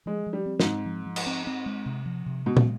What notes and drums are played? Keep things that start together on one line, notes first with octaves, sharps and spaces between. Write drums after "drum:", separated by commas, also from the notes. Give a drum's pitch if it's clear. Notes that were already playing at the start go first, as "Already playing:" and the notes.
F3 G#3
F3
G3
C4
G#2, drum: snare
C4
F3
F3
drum: cymbal
C4
C4
G#3
C3
F3
C3
B2 G#3
drum: tom